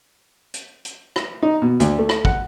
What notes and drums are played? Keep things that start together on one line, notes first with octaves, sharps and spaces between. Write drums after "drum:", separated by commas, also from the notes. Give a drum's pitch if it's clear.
drum: hi-hat
drum: hi-hat
drum: rim click
D#4
B2
D2, drum: hi-hat
A3
drum: rim click
F#5, drum: kick